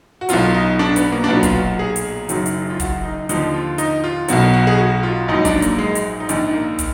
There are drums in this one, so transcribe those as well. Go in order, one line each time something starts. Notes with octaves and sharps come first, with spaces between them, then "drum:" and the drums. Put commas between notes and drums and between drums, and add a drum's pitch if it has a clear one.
F#4
B1 B2 F#3 F4, drum: hi-hat
D#4
D4
B3, drum: hi-hat
A#3
D4
B1 A#2 F#3 B3
F4, drum: kick, hi-hat
F#4
G#4
drum: hi-hat
F#1 F#2 D#3 F#3, drum: hi-hat
drum: hi-hat
F4
F#4, drum: kick, hi-hat
D#4
D#2 D3 F3 D#4, drum: hi-hat
F4
D#4, drum: hi-hat
F4
B1 B2 F#3 F#4, drum: hi-hat
F#4
G#4
F#4
F4
A#1 G#2 F#3 D#4
D4, drum: kick, hi-hat
A#3, drum: hi-hat
G#3
drum: hi-hat
D#4
A#1 G#2 D#3 D4, drum: hi-hat
A#3
drum: kick, hi-hat